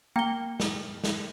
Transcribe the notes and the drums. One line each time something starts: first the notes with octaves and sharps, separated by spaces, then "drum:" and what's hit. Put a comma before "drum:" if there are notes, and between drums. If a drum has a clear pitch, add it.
A#3 G5 G7
drum: snare
drum: snare